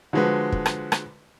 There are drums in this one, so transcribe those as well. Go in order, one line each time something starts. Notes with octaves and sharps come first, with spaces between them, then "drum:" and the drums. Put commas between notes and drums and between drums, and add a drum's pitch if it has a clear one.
D3 F3 G#3 F#4 B4
drum: kick
drum: rim click
drum: rim click